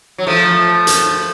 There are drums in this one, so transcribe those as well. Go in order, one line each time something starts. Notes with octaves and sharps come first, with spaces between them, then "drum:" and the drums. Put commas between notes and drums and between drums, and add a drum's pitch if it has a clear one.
F#3
F3 A3
drum: hi-hat